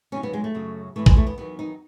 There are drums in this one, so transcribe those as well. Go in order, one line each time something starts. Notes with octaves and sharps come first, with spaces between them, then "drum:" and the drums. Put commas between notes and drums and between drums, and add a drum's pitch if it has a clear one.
D#2 C#3 F#3 C#4
B3
G#3
A3
F#2 C#3 F#3
A2 E3 A3
G#3, drum: kick A#1
A3
B3
E2 D#3 F#3 B3
D#4